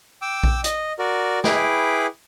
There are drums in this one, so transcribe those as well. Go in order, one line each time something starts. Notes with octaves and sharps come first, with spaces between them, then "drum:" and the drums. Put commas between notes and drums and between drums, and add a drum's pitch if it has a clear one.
G5 D6 E6
drum: kick A#1
D#5, drum: hi-hat
F#4 A#4 D5
E4 G#4 B4 G5 D6, drum: snare